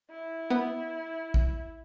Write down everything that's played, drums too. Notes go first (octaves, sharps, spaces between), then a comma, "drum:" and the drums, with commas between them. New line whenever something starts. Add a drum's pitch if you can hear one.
E4
B3
drum: kick